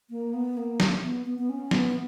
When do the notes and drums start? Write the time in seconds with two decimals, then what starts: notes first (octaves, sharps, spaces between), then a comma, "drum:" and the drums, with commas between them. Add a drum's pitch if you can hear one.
0.10 A#3
0.34 B3
0.57 A#3
0.80 drum: snare
1.03 B3
1.26 B3
1.39 B3
1.49 C#4
1.71 B3, drum: snare